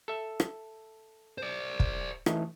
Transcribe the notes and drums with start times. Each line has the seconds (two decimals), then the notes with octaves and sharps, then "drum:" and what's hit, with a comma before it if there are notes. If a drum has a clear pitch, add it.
0.08 A4 E5
0.40 drum: rim click
1.38 C5 D5
1.80 drum: kick
2.26 E3 A3 D#4, drum: rim click